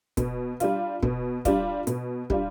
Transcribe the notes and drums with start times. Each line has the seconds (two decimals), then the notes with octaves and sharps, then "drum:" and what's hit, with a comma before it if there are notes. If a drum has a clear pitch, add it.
0.17 B2, drum: kick, hi-hat
0.60 G3 D4 F4, drum: hi-hat
1.03 B2, drum: kick
1.45 G3 D4 F4, drum: kick, hi-hat
1.87 B2, drum: hi-hat
2.30 G3 D4 F4, drum: kick